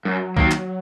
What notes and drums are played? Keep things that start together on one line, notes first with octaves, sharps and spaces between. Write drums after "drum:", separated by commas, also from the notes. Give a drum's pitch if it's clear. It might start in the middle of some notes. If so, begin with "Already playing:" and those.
F#2 F#3
D#3 A#3, drum: kick
drum: clap